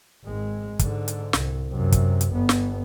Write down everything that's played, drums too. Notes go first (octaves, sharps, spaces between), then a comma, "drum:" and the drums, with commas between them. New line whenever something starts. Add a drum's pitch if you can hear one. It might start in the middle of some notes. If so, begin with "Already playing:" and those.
G#1 G#3
G#2 D3, drum: kick, hi-hat
drum: hi-hat
C2, drum: snare
F#2 C3
drum: kick, hi-hat
drum: hi-hat
G1 B3
drum: snare